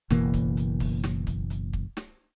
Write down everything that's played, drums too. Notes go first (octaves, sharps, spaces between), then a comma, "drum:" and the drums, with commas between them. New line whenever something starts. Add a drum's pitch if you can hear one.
F#1 B2 E3 A#3, drum: snare
drum: kick, hi-hat
drum: hi-hat
drum: kick, open hi-hat
drum: snare
drum: kick, hi-hat
drum: hi-hat
drum: kick
drum: snare